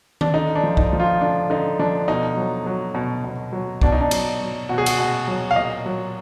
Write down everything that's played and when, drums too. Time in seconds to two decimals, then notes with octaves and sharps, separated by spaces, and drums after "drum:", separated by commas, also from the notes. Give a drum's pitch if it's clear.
0.21 D4, drum: tom D#3
0.34 D3 D#4
0.55 D4
0.63 F3
0.77 D#4, drum: kick B1
0.93 F3
1.00 F4
1.21 D3 D4
1.50 D3 D#4
1.79 F3 D4
2.08 B2 D#4
2.37 F#3
2.66 F#3
2.95 B2
3.24 B2
3.53 F#3
3.82 B2 D4, drum: kick B1
3.92 D#4
4.01 D4
4.11 F#3, drum: cymbal
4.41 F#3
4.69 B2 F#4
4.78 G#4
4.86 F#4, drum: cymbal
4.98 B2
5.28 F#3
5.51 F5
5.56 A#2 D#5
5.86 F#3